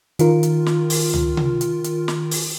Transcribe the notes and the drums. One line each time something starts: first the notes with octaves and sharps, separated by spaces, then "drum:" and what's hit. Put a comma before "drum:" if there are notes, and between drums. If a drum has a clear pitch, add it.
D#3 F4 A#4, drum: hi-hat
drum: hi-hat
drum: snare
drum: open hi-hat
drum: tom C#2
drum: tom C3
drum: hi-hat
drum: hi-hat
drum: snare
drum: open hi-hat